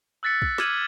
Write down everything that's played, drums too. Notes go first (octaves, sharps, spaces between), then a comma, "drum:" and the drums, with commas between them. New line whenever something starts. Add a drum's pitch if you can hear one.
E6 F#6 A6 B6 C#7
drum: kick
D6 F6 G#6 D#7 F#7, drum: snare